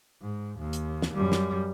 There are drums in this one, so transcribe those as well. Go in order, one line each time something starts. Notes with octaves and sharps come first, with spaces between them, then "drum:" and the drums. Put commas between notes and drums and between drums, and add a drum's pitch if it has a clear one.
G#2
D#2
drum: hi-hat
drum: snare
F#2 G3
drum: snare